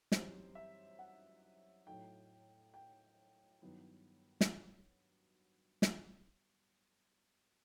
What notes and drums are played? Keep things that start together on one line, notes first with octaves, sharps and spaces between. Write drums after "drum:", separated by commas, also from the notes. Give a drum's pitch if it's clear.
F#2 E3 G3 C4 D#4 C5, drum: snare
E5
F#5
A2 F#3 A3 D#4 G5
G5
G2 D#3 F#3 B3 E4
drum: snare
drum: snare